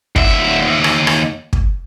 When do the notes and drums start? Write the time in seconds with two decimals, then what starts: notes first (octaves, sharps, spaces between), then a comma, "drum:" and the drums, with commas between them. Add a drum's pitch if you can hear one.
0.16 D#2 E5, drum: kick
0.84 drum: rim click
1.07 drum: rim click
1.53 drum: kick